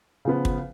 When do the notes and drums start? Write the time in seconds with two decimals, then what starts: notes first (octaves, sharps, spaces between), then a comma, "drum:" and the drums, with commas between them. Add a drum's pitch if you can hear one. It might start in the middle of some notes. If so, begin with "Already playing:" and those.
0.25 C#3 F3 B3
0.45 drum: kick